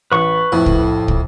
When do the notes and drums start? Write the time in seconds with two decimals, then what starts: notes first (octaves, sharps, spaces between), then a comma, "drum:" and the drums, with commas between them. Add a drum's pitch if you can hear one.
0.12 A1 B4 C#6
0.52 F2 A2
0.66 drum: kick
1.08 drum: kick